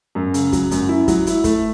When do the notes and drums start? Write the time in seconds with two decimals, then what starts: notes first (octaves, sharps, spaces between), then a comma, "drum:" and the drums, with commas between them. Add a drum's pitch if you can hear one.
0.15 F#2
0.34 C#3, drum: hi-hat
0.53 F#3, drum: kick, hi-hat
0.71 F#2, drum: hi-hat
0.89 E4
1.08 F#3, drum: kick, hi-hat
1.27 E4, drum: hi-hat
1.44 A3, drum: kick, hi-hat